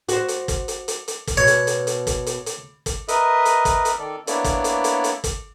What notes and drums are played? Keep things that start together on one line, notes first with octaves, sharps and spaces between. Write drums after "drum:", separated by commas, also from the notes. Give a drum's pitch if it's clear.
F#4 C5, drum: hi-hat
drum: hi-hat
drum: kick, hi-hat
drum: hi-hat
drum: hi-hat
drum: hi-hat
drum: kick, hi-hat
B2 C#5
drum: hi-hat
drum: hi-hat
drum: hi-hat
drum: kick, hi-hat
drum: hi-hat
drum: hi-hat
drum: kick, hi-hat
A#4 B4 D#5 E5 D#6, drum: hi-hat
drum: hi-hat
drum: kick, hi-hat
drum: hi-hat
D#3 A4 D5
A#3 B3 D4 E4 C#5 D5, drum: hi-hat
drum: kick, hi-hat
drum: hi-hat
drum: hi-hat
drum: hi-hat
drum: kick, hi-hat